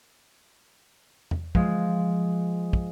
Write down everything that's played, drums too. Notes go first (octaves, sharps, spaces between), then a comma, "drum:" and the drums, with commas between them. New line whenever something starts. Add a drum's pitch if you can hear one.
drum: tom E2
F3 G#3, drum: kick
drum: kick